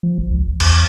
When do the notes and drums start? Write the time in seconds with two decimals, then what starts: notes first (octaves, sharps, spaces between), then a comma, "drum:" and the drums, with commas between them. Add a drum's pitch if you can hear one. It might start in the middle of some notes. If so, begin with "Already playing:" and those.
0.03 F3
0.18 A1
0.31 C#2
0.47 A1
0.60 E2, drum: cymbal